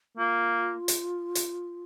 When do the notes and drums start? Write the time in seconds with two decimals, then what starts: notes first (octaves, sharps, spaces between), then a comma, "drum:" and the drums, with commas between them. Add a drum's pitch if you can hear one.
0.17 A#3 F4
0.88 drum: hi-hat
1.35 drum: hi-hat